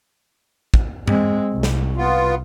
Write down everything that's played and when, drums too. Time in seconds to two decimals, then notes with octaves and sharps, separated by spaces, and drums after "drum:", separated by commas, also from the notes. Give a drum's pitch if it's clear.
0.74 drum: kick
1.08 G#3 C4, drum: tom G2
1.53 C2
1.63 drum: snare
1.97 B3 F4